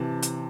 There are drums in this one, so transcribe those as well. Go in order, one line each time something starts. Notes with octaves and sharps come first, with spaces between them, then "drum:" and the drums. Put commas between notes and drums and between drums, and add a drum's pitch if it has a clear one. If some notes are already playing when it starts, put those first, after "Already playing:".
Already playing: C3 E3 A5
drum: hi-hat